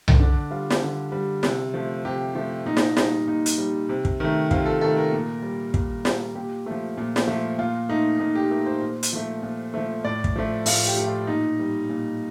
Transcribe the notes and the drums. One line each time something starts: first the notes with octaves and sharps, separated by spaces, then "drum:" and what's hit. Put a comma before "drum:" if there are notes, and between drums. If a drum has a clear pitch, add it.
drum: tom C2
D3 D4
G3 F4
drum: snare
D3
G3
C3, drum: snare
F3 A3
C3 G4
F3 A3
A#2 D#4
drum: snare
G3 D#4, drum: snare
A#2 D#4
drum: hi-hat
G3
C3
drum: kick
D#3 A3
C3 F4, drum: kick
A4
D#3 A3 A4
A#4
A#2
G3
A#2, drum: kick
G3, drum: snare
A#2 G4
F3 A3
A#2
drum: snare
F3 A3
A#2 F4
A3 D#4
A#2 D#4
G4
A3 A#4
C5
A#2
drum: hi-hat
F3 A3
A#2
F3 A3
A2 D5
drum: kick
F3 A3
A2 F4, drum: open hi-hat
G4
F3 A3
F4
A#2 D#4
G3
A#2